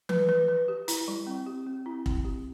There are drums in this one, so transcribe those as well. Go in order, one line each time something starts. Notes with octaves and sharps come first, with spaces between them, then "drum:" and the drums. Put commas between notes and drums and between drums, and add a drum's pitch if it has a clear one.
B4, drum: tom E3
B4
B4
G4
E4, drum: hi-hat
G3
C4
G4
C4
E4
C4, drum: kick
G4